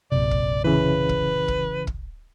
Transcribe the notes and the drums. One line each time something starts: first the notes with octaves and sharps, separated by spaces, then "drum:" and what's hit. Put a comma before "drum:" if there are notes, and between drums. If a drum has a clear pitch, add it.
A#1 F#2 C3 D5
drum: kick
C#3 E3 B4
drum: kick
drum: kick
drum: kick